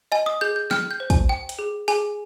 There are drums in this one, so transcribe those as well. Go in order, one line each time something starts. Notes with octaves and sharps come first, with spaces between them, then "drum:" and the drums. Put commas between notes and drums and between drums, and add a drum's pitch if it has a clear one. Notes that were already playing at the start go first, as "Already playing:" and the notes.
D#5 G#5
D#6
G#4 G6
G6
G5 F6, drum: snare
G6
C5
G#5, drum: kick, hi-hat
G5
drum: hi-hat
G#4
G#4 G#5, drum: open hi-hat